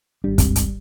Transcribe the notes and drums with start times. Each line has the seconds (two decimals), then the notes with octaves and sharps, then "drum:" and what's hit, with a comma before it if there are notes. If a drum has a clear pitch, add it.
0.24 G#1 G3 D4
0.38 C#2 G2 C4, drum: kick, hi-hat
0.56 drum: hi-hat